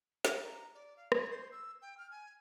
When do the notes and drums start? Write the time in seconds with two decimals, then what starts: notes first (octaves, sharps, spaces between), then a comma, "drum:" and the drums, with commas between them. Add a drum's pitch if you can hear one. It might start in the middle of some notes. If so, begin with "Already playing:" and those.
0.25 A#4, drum: snare
0.43 A#5
0.74 D5
0.96 F5
1.12 C#5, drum: rim click
1.30 C5
1.51 E6
1.82 G5
1.97 F6
2.11 G#5